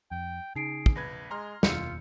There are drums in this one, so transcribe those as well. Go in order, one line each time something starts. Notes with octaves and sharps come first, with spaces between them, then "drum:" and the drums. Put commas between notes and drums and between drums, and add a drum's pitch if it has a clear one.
F2 G5
C#3 D#4 G#4 C7 D7
drum: kick
A#1 B4 G#6 A#6
G#3 A#5 C6 F6
F1 D#2 B2 F4 E6 G6 C#7, drum: snare